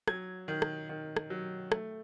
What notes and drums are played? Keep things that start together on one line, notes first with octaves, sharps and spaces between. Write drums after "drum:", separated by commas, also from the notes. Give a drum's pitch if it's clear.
F#3 G#6, drum: rim click
D#3
drum: rim click
D#3
drum: rim click
F#3
A3, drum: rim click